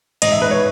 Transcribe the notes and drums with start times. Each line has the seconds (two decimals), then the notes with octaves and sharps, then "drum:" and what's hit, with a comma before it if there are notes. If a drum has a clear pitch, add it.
0.22 G#2 D#5, drum: cymbal
0.32 E5
0.41 G#2 B4
0.51 C#5